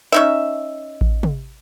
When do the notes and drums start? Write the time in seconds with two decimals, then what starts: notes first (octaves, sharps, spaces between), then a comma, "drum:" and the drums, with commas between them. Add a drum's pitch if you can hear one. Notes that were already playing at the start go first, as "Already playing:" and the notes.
0.12 C#4 D#4 E5
1.01 drum: kick A1
1.23 drum: tom